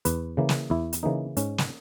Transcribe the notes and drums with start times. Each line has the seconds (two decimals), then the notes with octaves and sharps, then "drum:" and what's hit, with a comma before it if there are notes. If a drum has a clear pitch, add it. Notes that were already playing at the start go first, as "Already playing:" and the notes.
0.05 E2 B4, drum: hi-hat
0.37 C#3 E3 A#3
0.49 drum: snare
0.70 E2 E4
0.93 drum: hi-hat
1.03 C#3 E3 A#3 D#4
1.37 G#2 C#4, drum: hi-hat
1.58 drum: snare